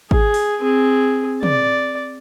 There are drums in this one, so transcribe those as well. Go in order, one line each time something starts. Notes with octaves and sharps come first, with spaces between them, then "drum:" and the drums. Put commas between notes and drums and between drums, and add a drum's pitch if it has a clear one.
G#4, drum: kick G#1
drum: open hi-hat
C4 G#4
D5, drum: tom